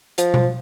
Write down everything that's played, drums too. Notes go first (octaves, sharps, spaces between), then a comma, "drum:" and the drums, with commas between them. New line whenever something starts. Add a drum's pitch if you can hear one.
F3, drum: hi-hat
drum: tom B2